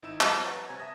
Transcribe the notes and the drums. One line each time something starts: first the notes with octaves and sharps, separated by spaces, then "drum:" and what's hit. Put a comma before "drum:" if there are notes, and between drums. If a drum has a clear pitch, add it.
G#1 D#4 E4 E6 E7
F3 G3 D#7, drum: clap
B4 C#5 F#5 A#5 C#6 A6
C3 G#5 G#6
E5 A5 D#6 A#6